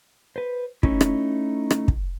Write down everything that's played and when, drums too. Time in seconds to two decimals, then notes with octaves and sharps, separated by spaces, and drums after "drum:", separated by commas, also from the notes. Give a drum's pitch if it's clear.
0.36 B4 C5
0.83 A3 C#4 D#4 E4, drum: kick
1.01 drum: rim click
1.71 drum: rim click
1.88 drum: kick